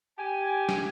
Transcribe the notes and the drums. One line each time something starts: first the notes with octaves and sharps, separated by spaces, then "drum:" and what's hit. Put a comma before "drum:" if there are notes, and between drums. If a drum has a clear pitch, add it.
G4 G#5
drum: snare